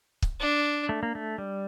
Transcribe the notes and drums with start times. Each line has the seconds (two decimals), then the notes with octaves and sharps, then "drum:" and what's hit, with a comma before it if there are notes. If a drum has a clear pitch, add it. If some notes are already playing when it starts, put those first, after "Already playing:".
0.22 drum: kick
0.40 D4
0.89 A3
1.03 A#3
1.15 A3
1.38 G3